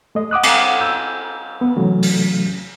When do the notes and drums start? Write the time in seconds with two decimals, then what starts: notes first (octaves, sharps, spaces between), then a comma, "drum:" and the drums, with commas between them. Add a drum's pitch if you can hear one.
0.15 A3 D#5
0.31 F#5 D6 D#6 F#6
0.43 drum: cymbal
0.81 E6 G6
1.61 B3
1.76 C3 E3 F#3 A3 C#4
2.03 drum: open hi-hat